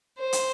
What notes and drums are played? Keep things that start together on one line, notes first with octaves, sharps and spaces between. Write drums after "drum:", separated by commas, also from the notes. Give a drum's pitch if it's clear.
C5
drum: hi-hat